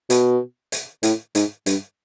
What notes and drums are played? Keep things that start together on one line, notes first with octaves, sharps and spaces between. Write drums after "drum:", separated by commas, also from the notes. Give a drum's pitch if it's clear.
B2, drum: hi-hat
drum: hi-hat
A2, drum: hi-hat
G#2, drum: hi-hat
G2, drum: hi-hat